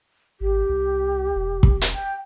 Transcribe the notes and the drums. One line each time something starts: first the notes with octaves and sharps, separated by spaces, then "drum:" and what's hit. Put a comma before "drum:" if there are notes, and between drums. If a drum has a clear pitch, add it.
G#1 G4
C2
E1
drum: kick
drum: hi-hat
G5